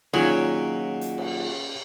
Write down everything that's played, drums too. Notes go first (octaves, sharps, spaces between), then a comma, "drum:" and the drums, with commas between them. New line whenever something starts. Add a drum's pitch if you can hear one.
A#2 D#3 F#3 C#4 G#4
drum: hi-hat
drum: cymbal